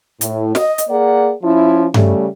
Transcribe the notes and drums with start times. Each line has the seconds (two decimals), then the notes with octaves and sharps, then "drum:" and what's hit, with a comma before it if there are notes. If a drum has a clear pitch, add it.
0.21 A2, drum: hi-hat
0.55 D#5, drum: snare
0.78 drum: hi-hat
0.88 A#3 G#4 D5 F#5
1.43 F3 C#4 E4
1.94 C#3 G3 A3, drum: tom G2